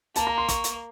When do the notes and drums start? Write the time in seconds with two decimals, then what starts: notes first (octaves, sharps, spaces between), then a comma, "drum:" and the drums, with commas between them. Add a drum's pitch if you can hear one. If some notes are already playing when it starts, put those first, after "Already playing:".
0.15 A#3 A5, drum: hi-hat
0.27 A#5
0.38 C6
0.48 C#6, drum: kick, hi-hat
0.64 drum: hi-hat